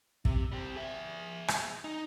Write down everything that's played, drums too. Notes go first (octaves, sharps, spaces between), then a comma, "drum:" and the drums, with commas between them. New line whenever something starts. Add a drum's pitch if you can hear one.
C3, drum: kick
G3 C4
G#4 E5
drum: rim click
D#4